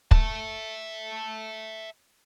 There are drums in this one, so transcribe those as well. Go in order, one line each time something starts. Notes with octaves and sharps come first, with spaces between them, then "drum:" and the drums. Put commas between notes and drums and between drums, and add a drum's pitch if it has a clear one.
E5 A5, drum: kick